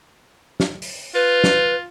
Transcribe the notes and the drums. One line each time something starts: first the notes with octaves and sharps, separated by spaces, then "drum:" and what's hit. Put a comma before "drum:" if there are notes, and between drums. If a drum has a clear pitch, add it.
drum: snare
drum: open hi-hat
F4 B4
drum: snare